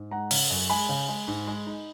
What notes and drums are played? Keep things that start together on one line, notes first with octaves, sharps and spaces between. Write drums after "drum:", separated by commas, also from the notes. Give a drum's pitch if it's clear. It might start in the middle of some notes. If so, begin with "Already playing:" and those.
Already playing: G#2
G#3 F#5 A#5
C#3, drum: open hi-hat
F#2
G#3 G#5 B5
C#3
G#3
G#2
G#3
D#4